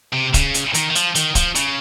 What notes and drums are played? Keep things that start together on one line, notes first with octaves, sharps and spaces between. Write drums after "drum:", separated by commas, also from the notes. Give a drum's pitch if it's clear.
C3
C#3, drum: kick, hi-hat
drum: hi-hat
D#3, drum: hi-hat
D#3
F3, drum: hi-hat
D#3, drum: hi-hat
F3, drum: kick, hi-hat
C#3, drum: hi-hat